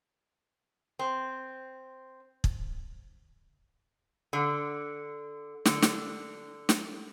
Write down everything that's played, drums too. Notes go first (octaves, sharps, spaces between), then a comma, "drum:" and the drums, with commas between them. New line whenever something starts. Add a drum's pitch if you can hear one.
C4
drum: kick
D3
D3, drum: snare
drum: snare
drum: snare